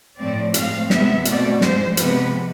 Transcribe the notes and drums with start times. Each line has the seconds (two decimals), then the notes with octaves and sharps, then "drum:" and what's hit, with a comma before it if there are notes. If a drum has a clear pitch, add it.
0.17 A2 F3 A3 C4 D5
0.54 A2 G#3 C4 F5, drum: hi-hat
0.90 C3 G#3 B3 E5, drum: snare
1.25 B2 A3 C4 D5, drum: hi-hat
1.61 G#2 F3 G#3 C5, drum: snare
1.97 C3 F3 G#3 B3 B4, drum: hi-hat